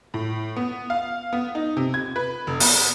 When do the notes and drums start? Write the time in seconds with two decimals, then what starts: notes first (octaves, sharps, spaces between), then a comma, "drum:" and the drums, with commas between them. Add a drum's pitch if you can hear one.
0.14 A2
0.56 B3
0.90 F5
1.33 B3
1.55 D#4
1.77 C3
1.94 G#6
2.16 B4
2.47 F1
2.60 B3, drum: open hi-hat